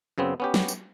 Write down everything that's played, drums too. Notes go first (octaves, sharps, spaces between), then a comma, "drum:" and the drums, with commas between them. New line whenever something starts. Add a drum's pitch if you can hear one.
F#2 C#3 B3 C4
B3 C#4 G4
drum: snare
drum: tambourine